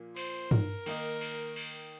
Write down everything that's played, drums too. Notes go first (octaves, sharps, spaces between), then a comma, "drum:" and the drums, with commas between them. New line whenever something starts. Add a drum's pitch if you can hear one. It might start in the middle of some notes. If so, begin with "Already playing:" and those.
Already playing: A#2 F3 A#3
C5, drum: cymbal
A#4, drum: tom G2
D#3 A#3 D#4, drum: cymbal
drum: cymbal
drum: cymbal